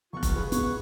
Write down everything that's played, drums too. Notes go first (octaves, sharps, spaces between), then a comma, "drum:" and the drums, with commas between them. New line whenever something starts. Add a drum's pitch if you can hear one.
F1 B3 F4 C#6 F#6
drum: kick F1, hi-hat
G#4 B4
D1 F2 B3 C#6, drum: hi-hat